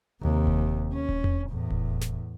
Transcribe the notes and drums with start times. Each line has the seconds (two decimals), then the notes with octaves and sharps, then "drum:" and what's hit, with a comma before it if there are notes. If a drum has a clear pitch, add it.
0.21 D#2 C3
0.47 drum: kick D#1
0.93 C#4
1.09 drum: kick D#1
1.24 drum: tom E2
1.49 E2 A2
1.70 drum: kick D#1
2.01 drum: snare